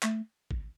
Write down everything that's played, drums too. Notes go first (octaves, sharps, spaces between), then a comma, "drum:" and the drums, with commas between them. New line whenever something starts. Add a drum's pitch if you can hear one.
A3, drum: clap
drum: kick